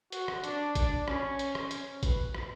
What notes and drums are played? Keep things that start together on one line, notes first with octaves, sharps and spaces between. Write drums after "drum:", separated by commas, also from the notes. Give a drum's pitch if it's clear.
F#4, drum: hi-hat
drum: rim click
D4, drum: hi-hat
D4, drum: kick A1, hi-hat
C#4, drum: rim click
drum: hi-hat
drum: rim click
C#4, drum: hi-hat
B4, drum: kick A1, hi-hat
drum: rim click